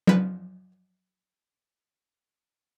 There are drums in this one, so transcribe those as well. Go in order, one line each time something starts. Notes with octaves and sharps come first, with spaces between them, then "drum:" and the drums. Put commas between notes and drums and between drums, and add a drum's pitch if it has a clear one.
F3 B4, drum: tom F#3